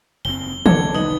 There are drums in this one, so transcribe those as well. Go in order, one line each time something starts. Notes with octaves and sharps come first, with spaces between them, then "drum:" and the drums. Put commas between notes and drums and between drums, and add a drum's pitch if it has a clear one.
F#1 E2 C4 G7
E1 C2 A4 D5 G#6, drum: tom
B3 D#4 D#5 F#7